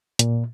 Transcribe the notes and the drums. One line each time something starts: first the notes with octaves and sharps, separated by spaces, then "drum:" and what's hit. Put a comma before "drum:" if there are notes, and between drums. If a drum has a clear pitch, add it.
A#2, drum: hi-hat